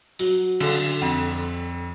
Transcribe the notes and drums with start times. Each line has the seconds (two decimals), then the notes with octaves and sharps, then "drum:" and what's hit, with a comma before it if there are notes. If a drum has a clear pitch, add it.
0.19 F#3, drum: open hi-hat
0.60 D3, drum: cymbal
1.01 F2